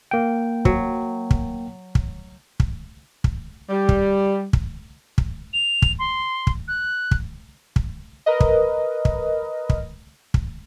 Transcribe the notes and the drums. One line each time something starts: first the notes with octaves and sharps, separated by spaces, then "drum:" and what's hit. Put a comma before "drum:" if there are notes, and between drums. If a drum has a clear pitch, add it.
A#3 G5
F#3, drum: kick
drum: kick
drum: kick
drum: kick
drum: kick
G3
drum: kick
drum: kick
drum: kick
F7
drum: kick
C6
drum: kick
F#6
drum: kick
drum: kick
A#4 B4 D#5
drum: kick
drum: kick
drum: kick
drum: kick